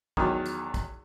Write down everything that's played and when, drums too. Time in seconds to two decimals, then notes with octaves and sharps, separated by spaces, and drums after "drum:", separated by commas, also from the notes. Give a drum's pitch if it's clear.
0.17 E2 D#3 F#3, drum: kick
0.46 drum: hi-hat
0.74 drum: kick, hi-hat